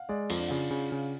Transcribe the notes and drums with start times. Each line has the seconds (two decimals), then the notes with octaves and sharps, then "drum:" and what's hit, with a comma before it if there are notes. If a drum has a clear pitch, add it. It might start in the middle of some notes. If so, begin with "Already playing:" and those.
Already playing: F5 F#5
0.09 G#3 D5
0.30 F2 F4, drum: cymbal
0.39 D4
0.48 C#3 F4
0.71 C#3
0.92 C#3